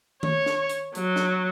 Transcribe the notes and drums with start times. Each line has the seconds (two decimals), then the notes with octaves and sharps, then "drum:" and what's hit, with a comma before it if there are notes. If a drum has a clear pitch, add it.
0.23 C#5, drum: tom D#3
0.46 drum: snare
0.69 drum: hi-hat
0.95 F#3, drum: hi-hat
1.16 drum: snare